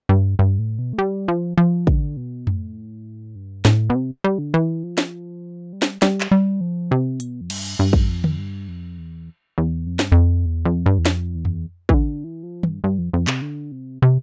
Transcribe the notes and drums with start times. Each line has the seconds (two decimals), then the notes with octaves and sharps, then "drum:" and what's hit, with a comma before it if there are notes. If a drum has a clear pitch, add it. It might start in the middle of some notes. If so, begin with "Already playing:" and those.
0.09 G2
0.39 G2
0.59 A2
0.79 B2
0.93 A3
0.98 G3
1.28 F3
1.58 F3
1.87 D3, drum: kick
2.17 B2
2.47 A2, drum: tom F2
3.36 G2
3.65 A2, drum: snare
3.90 B2
3.95 C3
4.24 G3
4.39 D3
4.54 E3
4.83 F3
4.98 drum: snare
5.73 G3
5.82 drum: snare
6.02 G3, drum: snare
6.21 drum: clap
6.32 G3
6.61 F3
6.91 C3
7.20 B2, drum: hi-hat
7.41 F2
7.50 G2, drum: cymbal
7.79 G2
7.93 drum: kick
8.09 F2
8.24 drum: tom D3
8.38 G2
8.68 F2
8.98 E2
9.58 E2
9.87 F2
9.99 G2, drum: snare
10.12 F2
10.46 E2
10.65 F2
10.86 G2
10.98 E2
11.06 F2, drum: snare
11.35 E2
11.45 drum: tom F2
11.89 E3, drum: kick
11.94 D3
12.24 E3
12.43 F3
12.63 G2, drum: tom
12.84 G2
12.98 F2
13.13 F2
13.27 C3, drum: clap
13.42 D3
13.72 C3
14.02 C3